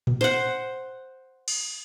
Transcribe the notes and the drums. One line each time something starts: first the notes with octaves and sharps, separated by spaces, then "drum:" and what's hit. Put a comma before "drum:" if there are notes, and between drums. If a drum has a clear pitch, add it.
drum: tom A2
C5 F#5
drum: cymbal